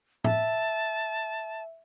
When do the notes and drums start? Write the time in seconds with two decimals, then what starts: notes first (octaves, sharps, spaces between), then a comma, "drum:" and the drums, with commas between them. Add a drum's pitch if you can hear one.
0.24 E5 A5, drum: tom A2